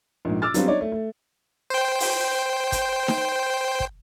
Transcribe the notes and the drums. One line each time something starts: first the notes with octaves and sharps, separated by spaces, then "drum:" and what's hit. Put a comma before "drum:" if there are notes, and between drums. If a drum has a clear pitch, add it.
A#1 G#2
D6 E6 F6 A6
F#3 G3 B3 C4 D4 F4, drum: hi-hat
D4 D#4 C#5 D5
A3
A3
C5 G5
drum: open hi-hat
drum: kick, hi-hat
drum: snare D#4
drum: kick